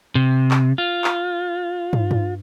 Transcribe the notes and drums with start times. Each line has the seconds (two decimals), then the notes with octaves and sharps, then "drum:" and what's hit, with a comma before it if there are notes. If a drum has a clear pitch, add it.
0.15 C3
0.51 drum: clap
0.78 F4
1.04 drum: clap
1.93 drum: tom
2.11 drum: tom G2